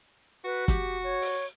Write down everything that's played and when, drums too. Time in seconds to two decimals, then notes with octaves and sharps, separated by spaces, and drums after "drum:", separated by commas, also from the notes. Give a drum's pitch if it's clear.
0.45 F#4 B4
0.68 G4, drum: kick F#1, hi-hat
1.04 C#5
1.22 drum: open hi-hat